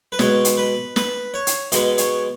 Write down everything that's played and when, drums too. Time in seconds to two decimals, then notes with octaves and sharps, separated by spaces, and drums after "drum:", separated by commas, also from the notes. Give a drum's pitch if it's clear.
0.12 B4
0.19 B2 G#3 B3 C#5, drum: snare
0.45 drum: hi-hat
0.57 B4
0.96 B4, drum: snare
1.34 C#5
1.47 drum: hi-hat
1.72 B2 G#3 B3 D#5, drum: hi-hat
1.98 C#5, drum: hi-hat